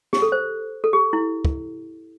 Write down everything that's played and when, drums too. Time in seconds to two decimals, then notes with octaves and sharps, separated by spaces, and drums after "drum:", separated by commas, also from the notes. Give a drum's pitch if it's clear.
0.13 G4, drum: snare
0.22 A4
0.32 C5
0.84 A4
0.93 G4
1.13 E4
1.45 drum: kick